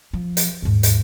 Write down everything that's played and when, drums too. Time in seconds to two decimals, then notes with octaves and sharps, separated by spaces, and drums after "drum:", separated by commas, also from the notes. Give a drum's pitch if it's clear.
0.13 F3
0.37 drum: hi-hat
0.62 D#2 G#2
0.83 drum: hi-hat